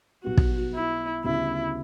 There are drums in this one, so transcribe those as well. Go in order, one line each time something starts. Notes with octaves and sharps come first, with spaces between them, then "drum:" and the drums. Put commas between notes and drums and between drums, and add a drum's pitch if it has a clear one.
B1 B2 G3 B3 F#4
drum: kick
E4
D2 C#3 G3 B3 E4